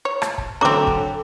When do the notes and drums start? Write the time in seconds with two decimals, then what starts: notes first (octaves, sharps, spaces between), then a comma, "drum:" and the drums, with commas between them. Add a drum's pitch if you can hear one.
0.05 C#5
0.22 drum: rim click
0.38 drum: kick
0.61 D3 A3 C4 C#4 F#4 A4 A#5 D6
0.87 drum: kick